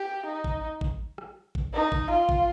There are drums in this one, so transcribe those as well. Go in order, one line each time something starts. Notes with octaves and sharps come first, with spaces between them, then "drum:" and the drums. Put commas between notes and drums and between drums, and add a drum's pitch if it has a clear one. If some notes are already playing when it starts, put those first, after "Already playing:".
Already playing: G4
D#4
drum: kick A1
drum: kick A1
drum: rim click
drum: kick A1
D#4
drum: kick A1
F4
drum: kick A1